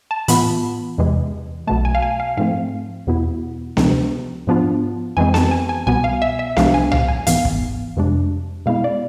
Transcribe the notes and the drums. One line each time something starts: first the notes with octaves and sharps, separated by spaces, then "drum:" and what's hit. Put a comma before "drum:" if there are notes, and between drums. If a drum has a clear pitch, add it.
A5
A2 E3 B3 F4 B5, drum: hi-hat
E2 C3 E3 G#3
B1 B2 A3 A5
G#5
F5
G#5
F5
G#2 F3 A3 C4 F5
E2 B2 B3 E4
D2 C3 F3 G#3 D4, drum: snare B3
G#2 F3 B3 D4 F4
F2 E3 G#3 C4 G#5
A5, drum: snare B3
G#5
G#5
C2 B2 B3 G#5
F5
E5
E5
C2 C3 F3 G#3 D4 F5, drum: snare B3
G#5
F5, drum: tom C2
G#5
G#2 E3 B3 F5, drum: hi-hat
drum: kick
F2 C3 G#3 D4
B2 G#3 B3 E4 F5
D5